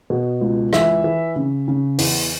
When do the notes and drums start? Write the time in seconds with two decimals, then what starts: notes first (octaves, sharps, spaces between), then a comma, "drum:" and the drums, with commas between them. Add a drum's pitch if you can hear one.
0.10 B2
0.41 C#2
0.73 E3 E5, drum: rim click
1.04 E3
1.36 C#3
1.68 C#3
1.98 E2, drum: open hi-hat